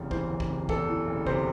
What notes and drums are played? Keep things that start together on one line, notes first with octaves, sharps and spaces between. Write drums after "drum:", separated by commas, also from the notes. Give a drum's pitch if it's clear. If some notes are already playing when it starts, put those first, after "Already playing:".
Already playing: F#1 E2 C3
E3 C5, drum: kick
F#1
drum: kick
C3
E2 A4, drum: kick
E3
F#1
C3 C5, drum: kick